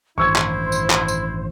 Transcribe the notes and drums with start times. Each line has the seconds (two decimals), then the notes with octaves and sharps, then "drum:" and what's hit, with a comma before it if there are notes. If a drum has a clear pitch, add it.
0.18 A1 G2 D#3 E4 C5 C#6 E6 G#6
0.36 drum: clap
0.72 drum: tambourine
0.90 drum: clap
1.08 drum: tambourine